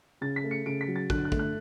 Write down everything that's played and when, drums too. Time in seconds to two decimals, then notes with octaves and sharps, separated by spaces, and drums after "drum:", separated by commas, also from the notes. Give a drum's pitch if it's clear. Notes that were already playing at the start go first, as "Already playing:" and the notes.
0.21 C#3 A6
0.36 B6
0.44 A3
0.51 C#7
0.66 C#3 D7
0.81 B6
0.88 F#3
0.96 A6
1.10 D3 F#6, drum: kick
1.25 F#6
1.32 A3, drum: kick
1.39 F#6